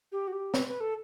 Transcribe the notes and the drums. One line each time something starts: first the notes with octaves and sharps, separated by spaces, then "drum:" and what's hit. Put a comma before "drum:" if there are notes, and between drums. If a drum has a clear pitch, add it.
G4
F#4
G4
B4, drum: snare
B4
A4